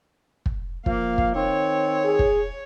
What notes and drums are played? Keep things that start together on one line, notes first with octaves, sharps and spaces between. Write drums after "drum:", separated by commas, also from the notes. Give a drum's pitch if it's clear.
drum: kick
F3 A#3 F5, drum: kick
drum: kick
D#3 C4 C#5
G#4
drum: kick